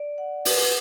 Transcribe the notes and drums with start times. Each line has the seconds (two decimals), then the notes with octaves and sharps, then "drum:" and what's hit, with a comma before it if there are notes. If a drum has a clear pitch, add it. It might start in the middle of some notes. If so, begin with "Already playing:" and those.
Already playing: D5
0.18 F#5
0.45 B4, drum: open hi-hat